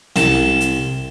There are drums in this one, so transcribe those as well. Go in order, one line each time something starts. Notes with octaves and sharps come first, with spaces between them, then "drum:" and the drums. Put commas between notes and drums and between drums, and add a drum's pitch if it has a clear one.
C2 A5, drum: snare
drum: hi-hat